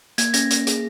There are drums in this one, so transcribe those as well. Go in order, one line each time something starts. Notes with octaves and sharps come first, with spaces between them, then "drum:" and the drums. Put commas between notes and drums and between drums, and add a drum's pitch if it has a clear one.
A#3 G#6, drum: hi-hat
C#4 A#6, drum: hi-hat
A#3, drum: hi-hat
G#4, drum: hi-hat